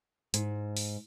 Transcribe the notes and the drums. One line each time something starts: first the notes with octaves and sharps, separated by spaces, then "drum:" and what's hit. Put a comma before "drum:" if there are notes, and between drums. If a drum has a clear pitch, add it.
G#2, drum: hi-hat
drum: open hi-hat